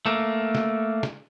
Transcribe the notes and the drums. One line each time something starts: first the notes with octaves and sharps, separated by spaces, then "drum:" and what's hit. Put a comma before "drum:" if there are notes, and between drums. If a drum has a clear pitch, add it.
A3 A#3
drum: snare
drum: snare